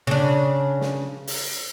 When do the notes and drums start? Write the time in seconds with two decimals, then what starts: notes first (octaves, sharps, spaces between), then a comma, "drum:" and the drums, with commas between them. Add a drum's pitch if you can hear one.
0.07 C#3 D4
0.81 drum: snare
1.27 drum: open hi-hat